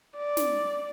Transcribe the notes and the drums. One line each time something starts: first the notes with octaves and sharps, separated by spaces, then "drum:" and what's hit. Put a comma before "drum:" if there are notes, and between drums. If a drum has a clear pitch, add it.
D5
drum: snare